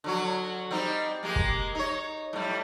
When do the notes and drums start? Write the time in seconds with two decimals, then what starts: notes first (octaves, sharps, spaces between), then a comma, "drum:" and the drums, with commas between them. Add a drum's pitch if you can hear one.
0.04 D3 F#3 F#4
0.71 G3 C4 D#4
1.23 G#3 A#3 G4
1.36 drum: kick
1.75 D#4 C#5
2.33 A2 G3